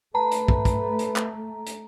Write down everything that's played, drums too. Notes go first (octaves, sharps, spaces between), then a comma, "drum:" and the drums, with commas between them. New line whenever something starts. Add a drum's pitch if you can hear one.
A3 B4 A5 A#5
drum: hi-hat
drum: kick
drum: kick, hi-hat
drum: hi-hat
drum: clap
drum: hi-hat